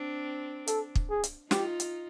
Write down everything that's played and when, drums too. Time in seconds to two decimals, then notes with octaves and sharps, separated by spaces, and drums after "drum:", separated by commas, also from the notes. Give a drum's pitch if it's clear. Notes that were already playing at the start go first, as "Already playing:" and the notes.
Already playing: C4 D4
0.67 A4, drum: hi-hat
0.95 drum: kick
1.10 G#4
1.24 drum: hi-hat
1.51 D#4 F4 G4, drum: snare
1.80 drum: hi-hat